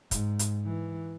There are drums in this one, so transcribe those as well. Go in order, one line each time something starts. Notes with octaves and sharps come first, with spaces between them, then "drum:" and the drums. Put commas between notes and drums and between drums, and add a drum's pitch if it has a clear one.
G#2, drum: kick, hi-hat
drum: hi-hat
E3